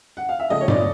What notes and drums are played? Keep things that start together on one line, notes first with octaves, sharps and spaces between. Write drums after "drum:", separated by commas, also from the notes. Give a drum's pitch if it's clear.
F#5
F5
E5
C#3 F3 A3 D#5
C#5
D5, drum: tom G2